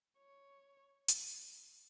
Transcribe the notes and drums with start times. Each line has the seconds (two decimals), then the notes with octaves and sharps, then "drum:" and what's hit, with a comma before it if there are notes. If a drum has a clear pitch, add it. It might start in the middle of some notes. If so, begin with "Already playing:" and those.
0.18 C#5
1.08 drum: hi-hat